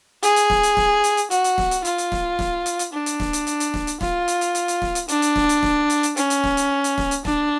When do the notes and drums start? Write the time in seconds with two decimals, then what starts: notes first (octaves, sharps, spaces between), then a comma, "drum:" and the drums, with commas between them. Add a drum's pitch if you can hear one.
0.23 G#4, drum: hi-hat
0.36 drum: hi-hat
0.50 drum: snare
0.63 drum: hi-hat
0.77 drum: snare
1.04 drum: hi-hat
1.17 drum: hi-hat
1.31 F#4, drum: hi-hat
1.44 drum: hi-hat
1.58 drum: snare
1.71 drum: hi-hat
1.85 F4, drum: hi-hat
1.98 drum: hi-hat
2.12 drum: snare
2.39 drum: snare
2.66 drum: hi-hat
2.79 drum: hi-hat
2.93 D4
3.06 drum: hi-hat
3.20 drum: snare
3.33 drum: hi-hat
3.47 drum: hi-hat
3.60 drum: hi-hat
3.74 drum: snare
3.87 drum: hi-hat
4.01 F4, drum: snare
4.28 drum: hi-hat
4.41 drum: hi-hat
4.55 drum: hi-hat
4.68 drum: hi-hat
4.82 drum: snare
4.95 drum: hi-hat
5.08 D4, drum: hi-hat
5.22 drum: hi-hat
5.36 drum: snare
5.49 drum: hi-hat
5.63 drum: snare
5.90 drum: hi-hat
6.03 drum: hi-hat
6.17 C#4, drum: hi-hat
6.30 drum: hi-hat
6.44 drum: snare
6.57 drum: hi-hat
6.84 drum: hi-hat
6.98 drum: snare
7.11 drum: hi-hat
7.25 D4, drum: snare